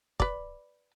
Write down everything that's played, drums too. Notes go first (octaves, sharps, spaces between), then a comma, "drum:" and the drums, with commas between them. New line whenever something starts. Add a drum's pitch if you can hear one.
B4 D5, drum: kick